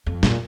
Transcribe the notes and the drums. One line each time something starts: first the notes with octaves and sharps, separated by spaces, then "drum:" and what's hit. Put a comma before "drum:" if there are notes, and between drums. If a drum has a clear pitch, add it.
F2
A#2, drum: snare